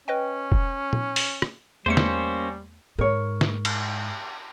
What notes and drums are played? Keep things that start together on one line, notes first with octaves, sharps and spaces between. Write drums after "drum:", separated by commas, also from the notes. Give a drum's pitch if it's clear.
C#4 B4 D#5 G5
drum: kick
drum: tom
drum: open hi-hat
drum: rim click
E2 G3 A3 A#3 C#4 C5 C#7
drum: snare
G#2 A#4 C#5
drum: snare
drum: cymbal